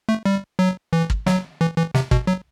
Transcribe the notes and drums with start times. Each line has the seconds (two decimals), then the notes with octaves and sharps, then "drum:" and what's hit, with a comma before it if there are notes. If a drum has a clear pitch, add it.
0.09 A3
0.25 G3
0.59 F#3
0.93 E3
1.10 drum: kick
1.26 F#3, drum: snare
1.61 E3
1.77 E3
1.94 C3, drum: snare
2.11 B2, drum: kick
2.27 F#3